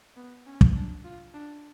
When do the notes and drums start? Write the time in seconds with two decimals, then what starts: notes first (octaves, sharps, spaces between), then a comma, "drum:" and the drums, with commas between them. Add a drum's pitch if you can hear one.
0.17 B3
0.47 C#4
0.61 drum: kick
0.76 D4
1.04 F4
1.34 D4